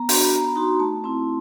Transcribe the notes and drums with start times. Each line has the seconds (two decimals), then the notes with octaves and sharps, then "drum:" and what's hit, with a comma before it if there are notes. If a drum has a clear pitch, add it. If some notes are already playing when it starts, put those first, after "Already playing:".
Already playing: B3 A#5
0.09 D4 F#4, drum: open hi-hat
0.21 B5
0.32 B3 A#5
0.45 B5
0.56 D#4 F#4 C6
0.79 A3 A5
1.04 C4 E4